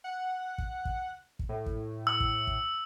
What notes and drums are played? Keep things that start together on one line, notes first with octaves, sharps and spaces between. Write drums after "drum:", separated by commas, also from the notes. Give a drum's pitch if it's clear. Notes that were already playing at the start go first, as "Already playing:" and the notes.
F#5
drum: kick
drum: kick
drum: kick
A2
drum: kick
E6
drum: kick
drum: kick